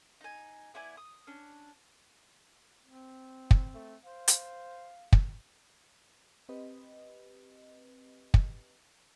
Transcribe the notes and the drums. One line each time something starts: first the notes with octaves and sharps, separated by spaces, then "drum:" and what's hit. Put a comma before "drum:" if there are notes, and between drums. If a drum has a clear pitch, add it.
D#4 G#5
B3 E4 D5 G#5
D#6
C#4 D4
C4
drum: kick
A3
C5 F5
drum: hi-hat
drum: kick
C4 G4 B4 D#5
drum: kick